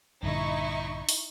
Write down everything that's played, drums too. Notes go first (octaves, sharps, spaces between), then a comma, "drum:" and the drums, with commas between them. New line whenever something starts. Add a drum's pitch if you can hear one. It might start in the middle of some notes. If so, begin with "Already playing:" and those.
A#1 G2 D3 D#4 E4 C#6
drum: open hi-hat